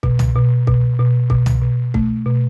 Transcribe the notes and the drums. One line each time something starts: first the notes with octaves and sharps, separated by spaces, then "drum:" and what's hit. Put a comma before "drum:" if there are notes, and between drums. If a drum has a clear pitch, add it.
B2, drum: kick C2
drum: tom
B2
B2, drum: kick C2
B2
B2, drum: kick C2
drum: tom
B2
A3, drum: kick C2
B2